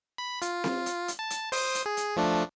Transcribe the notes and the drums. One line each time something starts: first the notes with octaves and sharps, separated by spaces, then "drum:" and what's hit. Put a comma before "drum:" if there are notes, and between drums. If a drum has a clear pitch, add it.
B5
F4, drum: hi-hat
drum: snare C4
drum: hi-hat
drum: hi-hat
A5
drum: hi-hat
C5 D#6, drum: open hi-hat
drum: hi-hat
G#4
drum: hi-hat
F3 A3 D4